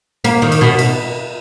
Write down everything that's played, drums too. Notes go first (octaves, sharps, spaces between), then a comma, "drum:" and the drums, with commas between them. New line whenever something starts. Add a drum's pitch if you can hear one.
A#3, drum: cymbal
D#3
drum: cymbal
B2
drum: cymbal